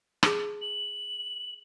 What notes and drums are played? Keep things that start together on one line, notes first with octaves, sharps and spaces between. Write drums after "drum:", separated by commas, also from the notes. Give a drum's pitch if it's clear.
G#4 A5, drum: rim click
F#7